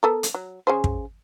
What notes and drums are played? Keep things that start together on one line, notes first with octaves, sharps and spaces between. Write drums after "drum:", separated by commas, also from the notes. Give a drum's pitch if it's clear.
B3 A4 A#4
drum: hi-hat
F#3
C#3 G#4 C5
drum: kick